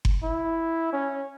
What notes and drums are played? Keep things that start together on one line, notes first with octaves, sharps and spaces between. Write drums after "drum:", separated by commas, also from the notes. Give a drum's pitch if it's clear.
drum: kick F#1
E4
C#4